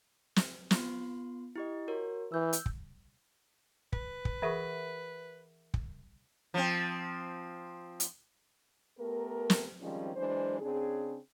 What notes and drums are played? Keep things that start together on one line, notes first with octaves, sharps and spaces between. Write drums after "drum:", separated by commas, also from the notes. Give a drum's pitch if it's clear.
drum: snare
B3 F4 C6, drum: snare
E4 G4 D#5
F#4 A#4 C#5
E3 E6 G6
drum: hi-hat
drum: kick
B4, drum: kick
drum: kick
E3 G#4 A#4 E5 F#5 C#6
drum: kick
F3 C4
drum: hi-hat
A3 B3 G4 A#4
drum: snare
D#3 F3 G3 G#3 C4 C#4
E3 F#3 G#3 D4 C5
C#3 C4 D4 G#4